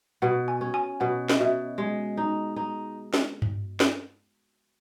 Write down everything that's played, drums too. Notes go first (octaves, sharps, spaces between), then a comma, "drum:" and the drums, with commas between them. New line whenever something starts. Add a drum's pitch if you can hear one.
B2 F#5
G#5
C#4
G#5
B2 F#5
D#5, drum: snare
B2 E5
G#3
D#4
D#4
drum: snare
drum: tom G2
drum: snare